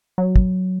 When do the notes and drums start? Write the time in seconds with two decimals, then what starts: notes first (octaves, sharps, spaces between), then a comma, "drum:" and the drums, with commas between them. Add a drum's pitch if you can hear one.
0.18 F#3
0.36 drum: kick